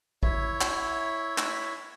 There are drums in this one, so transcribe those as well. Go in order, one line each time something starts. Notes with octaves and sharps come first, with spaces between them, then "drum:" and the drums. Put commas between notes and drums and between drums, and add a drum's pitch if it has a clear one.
E4 C#5 E5, drum: kick
drum: clap
drum: clap